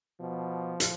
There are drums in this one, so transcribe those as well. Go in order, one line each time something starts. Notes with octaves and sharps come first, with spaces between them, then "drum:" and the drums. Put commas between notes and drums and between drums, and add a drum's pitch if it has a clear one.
B2 F3
drum: hi-hat